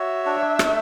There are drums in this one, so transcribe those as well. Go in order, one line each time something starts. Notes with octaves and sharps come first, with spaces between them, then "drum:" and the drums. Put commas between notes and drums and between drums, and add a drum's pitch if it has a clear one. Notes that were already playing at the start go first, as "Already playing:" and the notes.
Already playing: F#4 C#5 E5
D4
A3, drum: rim click